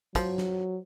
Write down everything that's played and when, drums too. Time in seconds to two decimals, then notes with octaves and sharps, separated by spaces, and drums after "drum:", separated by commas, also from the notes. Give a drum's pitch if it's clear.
0.15 F3 F#3, drum: kick, hi-hat
0.38 drum: snare